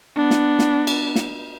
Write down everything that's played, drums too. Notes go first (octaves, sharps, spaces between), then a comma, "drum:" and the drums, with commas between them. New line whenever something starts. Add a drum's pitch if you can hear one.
B3 D4
drum: snare
drum: snare
drum: cymbal
drum: snare